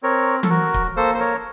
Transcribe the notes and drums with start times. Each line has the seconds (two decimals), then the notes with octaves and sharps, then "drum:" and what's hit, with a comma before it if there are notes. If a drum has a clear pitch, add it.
0.03 C4 A#4 C#5
0.43 A4, drum: tom E3
0.50 F#4 A#4
0.74 drum: kick C#1
0.96 A#3 A4 C5
1.14 C5
1.20 A#4 C#5